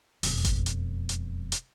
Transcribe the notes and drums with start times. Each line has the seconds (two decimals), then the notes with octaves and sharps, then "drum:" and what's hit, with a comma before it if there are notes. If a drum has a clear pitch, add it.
0.23 E1 F2, drum: open hi-hat
0.45 drum: kick G#1, hi-hat
0.66 drum: hi-hat
1.09 drum: hi-hat
1.52 drum: hi-hat